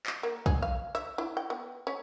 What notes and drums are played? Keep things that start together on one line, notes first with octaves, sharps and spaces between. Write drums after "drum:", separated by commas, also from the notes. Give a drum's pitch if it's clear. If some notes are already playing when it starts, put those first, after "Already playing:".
drum: clap
A#3
G#4, drum: kick
F5
E5
E4
G5
B3
C#4